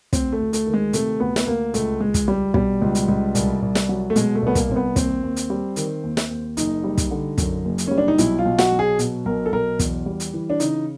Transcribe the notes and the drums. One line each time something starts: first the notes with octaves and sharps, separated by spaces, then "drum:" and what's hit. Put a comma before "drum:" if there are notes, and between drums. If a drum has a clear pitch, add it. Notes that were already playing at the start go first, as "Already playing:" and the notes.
D2 C4, drum: kick, hi-hat
A3
D2
A3, drum: hi-hat
D#3
G#3
C3 A3, drum: hi-hat
D2 B3
B3, drum: snare
D2 A#3
C#2 A3, drum: hi-hat
C#2 G#3
drum: kick, hi-hat
G3
B2 G3, drum: kick
C#2
drum: hi-hat
C#2
C2, drum: hi-hat
C2
drum: snare
F#3
A3
B2 G#3, drum: hi-hat
A3
C2 B3
A#3, drum: kick, hi-hat
C2 C4
B3
D#2 C4, drum: kick, hi-hat
D#2
drum: hi-hat
G3
D#3, drum: hi-hat
D#2
drum: snare
D#2
F#1 D#4, drum: hi-hat
G3
drum: kick, hi-hat
D3
F#2, drum: kick, hi-hat
F#1
drum: hi-hat
G3 C#4
D4
D#4
B1 E4, drum: hi-hat
F4
B1
F#4, drum: snare
F#3
G#4
B2, drum: hi-hat
B1 A#4
A4
B1 A#4
E2, drum: kick, hi-hat
G3
drum: hi-hat
E3
D4
C#3 D#4, drum: hi-hat